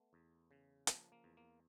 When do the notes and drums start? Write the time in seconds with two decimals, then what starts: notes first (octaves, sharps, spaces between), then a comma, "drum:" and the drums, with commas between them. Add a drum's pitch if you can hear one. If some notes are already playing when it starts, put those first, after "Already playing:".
Already playing: A3 B3
0.13 E2
0.51 C#3
0.87 F3 A#3, drum: hi-hat
1.12 A#3
1.24 E2
1.37 A#3